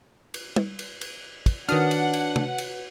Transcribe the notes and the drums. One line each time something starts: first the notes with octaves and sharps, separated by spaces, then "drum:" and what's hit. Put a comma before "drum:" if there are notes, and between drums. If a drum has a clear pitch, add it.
drum: cymbal
drum: tom
drum: cymbal
drum: cymbal
drum: kick, cymbal
D#3 D4 F#4 B4 C#5 F#5 D#6 F6, drum: cymbal
drum: cymbal
drum: cymbal
drum: tom
drum: cymbal